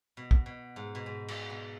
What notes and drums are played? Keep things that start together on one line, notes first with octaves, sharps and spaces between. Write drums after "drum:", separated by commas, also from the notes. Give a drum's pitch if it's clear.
B2
drum: kick
B2
G#2
B2
G#2
B2, drum: cymbal
B2